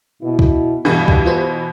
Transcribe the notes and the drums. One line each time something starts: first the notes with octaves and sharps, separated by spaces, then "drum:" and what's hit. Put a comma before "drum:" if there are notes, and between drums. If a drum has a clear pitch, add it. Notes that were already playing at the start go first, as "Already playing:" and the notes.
B2 E4
drum: kick
G2 B2 E3 G4 B4 F5 B5
drum: kick
F4 B4 C5